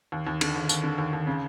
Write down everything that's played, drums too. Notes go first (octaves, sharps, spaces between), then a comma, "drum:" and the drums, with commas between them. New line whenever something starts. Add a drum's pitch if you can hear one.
D#2
D#2
D3, drum: cymbal
D#2
D#2, drum: tambourine
D3
D#2
D#2
C#3